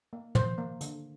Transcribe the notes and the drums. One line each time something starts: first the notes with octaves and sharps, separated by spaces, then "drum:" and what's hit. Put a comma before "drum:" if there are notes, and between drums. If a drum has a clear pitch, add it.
A#3
D#3 C5, drum: tom
A#3
D3, drum: hi-hat